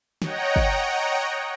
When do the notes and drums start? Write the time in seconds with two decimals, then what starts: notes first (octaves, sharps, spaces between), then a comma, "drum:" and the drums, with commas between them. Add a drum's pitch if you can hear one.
0.22 C#5 D#5 F#5 G5 A#5, drum: snare
0.56 drum: kick